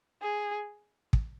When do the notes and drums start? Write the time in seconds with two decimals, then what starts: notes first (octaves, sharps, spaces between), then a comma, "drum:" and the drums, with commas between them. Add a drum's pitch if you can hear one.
0.22 G#4
1.13 drum: kick